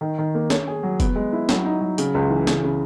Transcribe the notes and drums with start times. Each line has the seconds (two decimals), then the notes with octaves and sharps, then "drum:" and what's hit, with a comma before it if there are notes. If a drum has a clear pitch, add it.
0.01 D#3
0.18 D#3
0.34 A#3
0.50 C#5, drum: snare
0.67 G#4
0.83 F#3
1.00 B3, drum: kick, hi-hat
1.15 G#3
1.33 E4
1.49 F#3, drum: snare
1.65 D#4
1.81 F#3
1.98 C#3, drum: hi-hat
2.14 C#2
2.30 E3
2.47 C#3, drum: snare
2.64 C#3